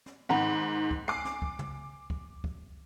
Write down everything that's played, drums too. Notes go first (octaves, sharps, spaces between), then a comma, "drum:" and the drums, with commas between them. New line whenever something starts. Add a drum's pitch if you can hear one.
drum: snare
G#2 D#3 F#5 A#5 B5
drum: kick C#2
G#5 D6 C7
drum: snare
drum: kick C#2
drum: tom
drum: kick C#2
drum: kick C#2